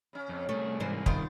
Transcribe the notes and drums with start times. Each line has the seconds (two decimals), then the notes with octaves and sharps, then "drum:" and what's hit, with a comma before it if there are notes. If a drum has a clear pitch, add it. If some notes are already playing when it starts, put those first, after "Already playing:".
0.13 C#3 C#4
0.29 F2
0.49 C2 A3 G#4
0.80 G#2 E3 G3 A#3 C5
1.06 D#3 B3 F4 C5, drum: kick